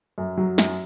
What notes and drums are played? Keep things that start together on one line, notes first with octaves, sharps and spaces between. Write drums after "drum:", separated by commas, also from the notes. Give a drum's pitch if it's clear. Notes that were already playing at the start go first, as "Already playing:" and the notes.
F#2
F#3
F#2, drum: snare